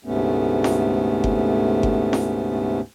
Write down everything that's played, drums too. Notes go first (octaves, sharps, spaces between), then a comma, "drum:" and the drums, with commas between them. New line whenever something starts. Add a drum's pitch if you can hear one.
D2 G#2 C3 A3 B3 C#4
drum: snare
drum: kick G1
drum: kick G1
drum: snare